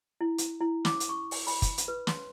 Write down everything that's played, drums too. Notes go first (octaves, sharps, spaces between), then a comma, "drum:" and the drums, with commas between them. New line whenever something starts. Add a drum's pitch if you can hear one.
E4
drum: hi-hat
E4
D6, drum: snare
drum: hi-hat
C#6
drum: open hi-hat
B5, drum: open hi-hat
drum: kick, hi-hat
drum: hi-hat
B4
C6, drum: snare